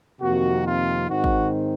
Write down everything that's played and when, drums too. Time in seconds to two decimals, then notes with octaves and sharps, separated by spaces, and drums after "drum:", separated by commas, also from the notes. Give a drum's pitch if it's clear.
0.21 F2 C3 D#3 A#3 F#4
0.65 F4
1.09 G#2 D#3 G#3 C4 D#4 F#4
1.24 drum: kick